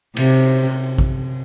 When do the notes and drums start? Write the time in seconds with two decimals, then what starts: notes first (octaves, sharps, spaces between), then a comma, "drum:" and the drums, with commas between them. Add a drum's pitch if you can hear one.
0.17 C3, drum: cymbal
0.98 drum: kick A#1